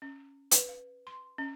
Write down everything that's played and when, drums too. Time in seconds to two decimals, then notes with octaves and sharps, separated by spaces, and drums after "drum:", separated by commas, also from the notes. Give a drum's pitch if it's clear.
0.02 C#4
0.51 B4, drum: hi-hat
0.69 F5
1.07 C6
1.38 C#4